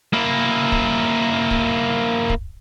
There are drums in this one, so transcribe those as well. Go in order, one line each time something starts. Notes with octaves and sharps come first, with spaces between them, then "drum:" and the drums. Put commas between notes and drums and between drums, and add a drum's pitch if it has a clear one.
A#3 E4
drum: kick
drum: kick
drum: kick